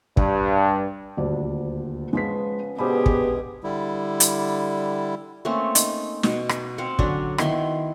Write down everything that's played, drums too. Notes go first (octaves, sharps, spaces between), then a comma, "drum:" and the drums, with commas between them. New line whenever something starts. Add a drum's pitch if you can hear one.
G2, drum: kick
D#1 D2 D5
C#3 F3 G#3 B3 B6
B2 D3 G#3 B3 G4 G#4 C5 B5
drum: kick
D3 G3 E4
drum: hi-hat
A3 A#3 C4 C#4
D#4, drum: hi-hat
B2, drum: snare
drum: rim click
C4 F5 F#5
D3 F#3 C#4 D4, drum: kick
D#3 B3 E4 C6, drum: rim click